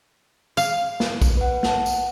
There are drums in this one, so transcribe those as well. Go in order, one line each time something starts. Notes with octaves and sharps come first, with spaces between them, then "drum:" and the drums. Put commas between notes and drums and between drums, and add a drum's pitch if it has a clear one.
F5, drum: tambourine
drum: snare
drum: kick A#1, tambourine
B4 F#5
F#5 A5, drum: snare
drum: tambourine